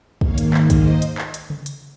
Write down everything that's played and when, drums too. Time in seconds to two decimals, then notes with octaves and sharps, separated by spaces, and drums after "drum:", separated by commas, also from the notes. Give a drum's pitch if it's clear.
0.21 G#2 D#3 A#3 C#5 F5, drum: kick
0.38 drum: hi-hat
0.54 drum: clap
0.70 C5 D#5, drum: kick, hi-hat
1.02 drum: hi-hat
1.18 drum: clap
1.34 drum: hi-hat
1.50 drum: tom C#3
1.66 drum: hi-hat